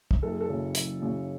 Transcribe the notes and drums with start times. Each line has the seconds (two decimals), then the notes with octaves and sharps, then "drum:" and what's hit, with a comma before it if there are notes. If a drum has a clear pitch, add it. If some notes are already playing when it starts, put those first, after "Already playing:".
0.11 drum: kick
0.22 F#1 A4
0.31 G#4
0.40 A4
0.48 F#2 C#3
0.75 F#1, drum: hi-hat
1.02 F#2 C#3